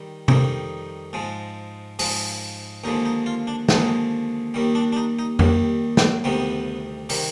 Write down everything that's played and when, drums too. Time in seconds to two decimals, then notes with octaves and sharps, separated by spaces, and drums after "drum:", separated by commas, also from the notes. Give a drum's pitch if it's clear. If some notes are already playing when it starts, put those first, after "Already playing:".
Already playing: D#3 G3
0.28 F2 D#3 G3 D#4, drum: tom C3
1.13 G#2 F3 G#3
1.99 G#2 F3 G#3, drum: open hi-hat
2.84 D#2 D3 F3 G#3 D#4
3.05 D#4
3.26 F4
3.47 D4
3.69 D#2 D3 F3 G#3 D#4, drum: snare
4.54 D#2 D#3 G3
4.75 D4
4.92 D4
4.97 D#4
5.19 D#4
5.39 D#2 D#3 G3, drum: tom F2
5.97 drum: snare
6.24 D2 C3 D#3 G3 B3
7.09 C3 D#3 G3, drum: open hi-hat